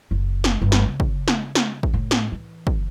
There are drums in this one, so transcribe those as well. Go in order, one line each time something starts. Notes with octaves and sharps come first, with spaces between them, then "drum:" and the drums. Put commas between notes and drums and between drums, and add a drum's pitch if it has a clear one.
F#1
drum: snare
G1
drum: snare
C#3
drum: kick
drum: snare
drum: snare
drum: kick
A2
drum: snare
E3
drum: kick